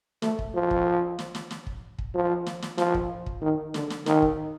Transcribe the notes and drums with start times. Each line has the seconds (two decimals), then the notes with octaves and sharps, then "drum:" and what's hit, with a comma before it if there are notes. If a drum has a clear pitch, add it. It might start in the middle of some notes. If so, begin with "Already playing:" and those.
0.22 A3, drum: snare
0.39 drum: kick
0.55 F3
0.71 drum: kick
1.19 drum: snare
1.35 drum: snare
1.51 drum: snare
1.67 drum: kick
1.99 drum: kick
2.15 F3
2.46 drum: snare
2.62 drum: snare
2.78 F3, drum: snare
2.94 drum: kick
3.26 drum: kick
3.42 D#3
3.74 D3, drum: snare
3.90 drum: snare
4.06 D#3, drum: snare
4.22 drum: kick